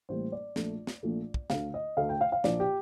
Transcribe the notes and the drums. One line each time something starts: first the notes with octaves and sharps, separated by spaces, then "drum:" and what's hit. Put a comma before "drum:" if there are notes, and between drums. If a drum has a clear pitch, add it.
A1 A2 G3 A#3 C5
D5
A#1 A#2 A3, drum: snare
drum: snare
A#1 A#2 A3
drum: kick
D2 D3 A3 F5, drum: snare
D#5
D2 D3 A3 F5
G5
F5
F5
A#1 A#2 F3 A#3 D5, drum: snare
G4